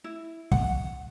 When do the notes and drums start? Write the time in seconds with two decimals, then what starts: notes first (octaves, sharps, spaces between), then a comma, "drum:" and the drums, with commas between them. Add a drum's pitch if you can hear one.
0.04 E4
0.52 F#5, drum: kick